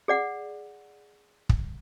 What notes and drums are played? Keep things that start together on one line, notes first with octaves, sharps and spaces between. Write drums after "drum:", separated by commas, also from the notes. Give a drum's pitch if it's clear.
G#4 D5 F#5
drum: kick